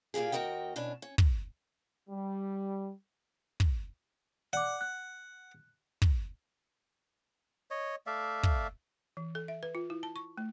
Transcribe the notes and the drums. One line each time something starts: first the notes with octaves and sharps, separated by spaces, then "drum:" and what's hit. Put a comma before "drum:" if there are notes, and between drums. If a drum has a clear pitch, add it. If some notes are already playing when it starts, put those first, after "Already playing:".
A#2 A#3 F4 G4 G#4
D#2 F#4 A#4 D#5 G5
B2 C#4 D4
C#4
drum: kick
G3
drum: kick
D5 F#5 D6
F#6
drum: kick
C#5 D#5
A3 D5 E5 F5
drum: kick
E3
A4
E5
B4
F4
E4
A5
C#6
A3